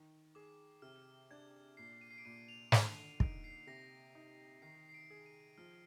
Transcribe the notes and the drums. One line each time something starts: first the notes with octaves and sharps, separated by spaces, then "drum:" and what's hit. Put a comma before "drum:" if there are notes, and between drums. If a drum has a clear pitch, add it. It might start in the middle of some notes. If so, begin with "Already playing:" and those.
Already playing: D#3
G#4 D6
C3 F6
D4 G#6
A#2 C7
D#7
C7
D7
A#2 D#7
F7
D3 D#7, drum: snare
D#7
D#7
D#4 D7, drum: kick
C7
C3 A#6
D#4
D#3 C7
C7
D7
G#4
D#7
F3 F6